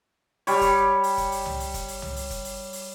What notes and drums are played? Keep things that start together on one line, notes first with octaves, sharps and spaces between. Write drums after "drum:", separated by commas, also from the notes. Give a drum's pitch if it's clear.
G3 C#5, drum: open hi-hat
drum: kick, hi-hat
drum: open hi-hat
drum: kick, hi-hat
drum: open hi-hat
drum: tom C2
drum: open hi-hat
drum: kick, hi-hat
drum: open hi-hat
drum: tom C2
drum: open hi-hat
drum: kick, hi-hat
drum: open hi-hat
drum: open hi-hat